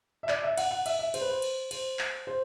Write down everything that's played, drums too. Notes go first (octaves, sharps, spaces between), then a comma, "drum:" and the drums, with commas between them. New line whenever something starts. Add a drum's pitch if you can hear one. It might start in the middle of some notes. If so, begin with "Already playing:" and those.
E5
D5, drum: clap
E5
F#5, drum: cymbal
F#5
E5, drum: cymbal
E5
C5, drum: cymbal
B4
C5
drum: cymbal
C5, drum: cymbal
drum: clap
C5